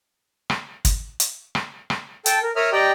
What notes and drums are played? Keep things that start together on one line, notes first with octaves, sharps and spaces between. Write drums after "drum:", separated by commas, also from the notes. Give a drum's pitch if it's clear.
drum: rim click
drum: kick, hi-hat
drum: hi-hat
drum: rim click
drum: rim click
A4 G5 A5, drum: hi-hat
A#4
A#4 C#5 E5 A#5 D#6 F6
G4 D5 D#5 G5 A#5